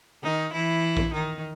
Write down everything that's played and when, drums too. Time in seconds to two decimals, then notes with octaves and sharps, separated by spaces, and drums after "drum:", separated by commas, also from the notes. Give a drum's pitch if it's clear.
0.23 D#3 D#4
0.53 E3 E4
0.97 drum: kick A#1
1.13 D#3 D#4